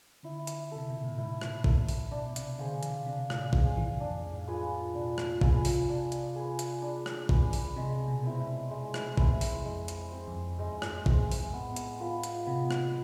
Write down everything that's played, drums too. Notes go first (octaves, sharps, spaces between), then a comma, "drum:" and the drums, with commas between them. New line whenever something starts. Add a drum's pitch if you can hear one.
D3 E4
drum: hi-hat
C3 A4 E5
B2
A2
G#2 E4
drum: rim click
A4 E5, drum: kick
drum: open hi-hat
B2 D4
C3, drum: hi-hat
D3 G#4 C5 F5
E3, drum: hi-hat
C3 D4
A2, drum: rim click
A2 G#4 C5 F5, drum: kick
E3
F2 D4
A2
G#2
F4 G#4 B4
A2
B2 D4
drum: rim click
C3 F4 G#4 B4, drum: kick
drum: open hi-hat
D4
drum: hi-hat
G#4 B4
drum: hi-hat
D4
drum: rim click
G#4 B4, drum: kick
drum: open hi-hat
C3 G#3
B2
C4 E4 B4
G#2
G#2 G#3
drum: rim click
C4 E4 B4, drum: kick
drum: open hi-hat
F2 G#3
drum: hi-hat
C4 G#4
F2
G#2 G#3
F2
G#2, drum: rim click
C4 G#4, drum: kick
F2, drum: open hi-hat
G#2
A2 B3
drum: hi-hat
F4 B4 F5
drum: hi-hat
C3 B3
drum: rim click